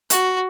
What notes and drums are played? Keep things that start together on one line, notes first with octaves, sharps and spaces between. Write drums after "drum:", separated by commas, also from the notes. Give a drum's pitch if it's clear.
F#4, drum: hi-hat